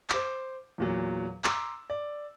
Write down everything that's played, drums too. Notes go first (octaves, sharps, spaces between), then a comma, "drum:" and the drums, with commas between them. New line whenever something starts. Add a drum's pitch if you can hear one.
C5 D6, drum: clap
E2 A#2 F#3
A#5 C6 D6 E6, drum: clap
D5